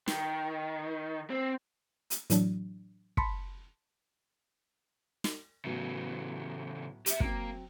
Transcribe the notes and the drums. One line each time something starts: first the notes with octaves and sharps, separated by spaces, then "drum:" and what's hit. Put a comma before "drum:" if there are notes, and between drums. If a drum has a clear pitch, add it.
D#3, drum: snare
C4
drum: hi-hat
A2 E3 F#3 D4, drum: hi-hat
A5 B5 C6 B6 C#7, drum: kick
drum: snare
A2 C#3 E3 F#3 B3
G4 E5, drum: hi-hat
F#3 A#3 C4, drum: kick